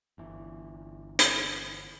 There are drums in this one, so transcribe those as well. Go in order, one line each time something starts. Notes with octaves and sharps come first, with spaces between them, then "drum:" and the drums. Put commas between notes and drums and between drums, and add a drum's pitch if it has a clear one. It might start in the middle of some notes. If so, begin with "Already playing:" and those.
G1 E3
drum: hi-hat